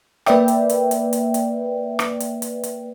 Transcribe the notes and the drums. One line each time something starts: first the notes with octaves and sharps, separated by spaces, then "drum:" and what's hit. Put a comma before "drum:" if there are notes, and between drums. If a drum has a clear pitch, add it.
A#3 B4 D5 E5 G5, drum: rim click
drum: hi-hat
drum: hi-hat
drum: hi-hat
drum: hi-hat
drum: hi-hat
drum: rim click
drum: hi-hat
drum: hi-hat
drum: hi-hat